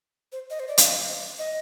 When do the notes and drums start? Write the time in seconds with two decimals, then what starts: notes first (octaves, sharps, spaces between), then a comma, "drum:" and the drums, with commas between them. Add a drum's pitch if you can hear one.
0.32 C5
0.50 D#5
0.60 C5
0.68 D5
0.78 F5, drum: hi-hat
0.86 D#5
1.38 D#5